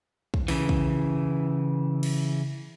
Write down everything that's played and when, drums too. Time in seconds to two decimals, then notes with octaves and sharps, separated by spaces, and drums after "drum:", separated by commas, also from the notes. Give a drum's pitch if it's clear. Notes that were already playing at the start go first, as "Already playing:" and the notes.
0.34 drum: kick
0.48 C#3 E3, drum: open hi-hat
0.69 drum: kick
2.03 drum: cymbal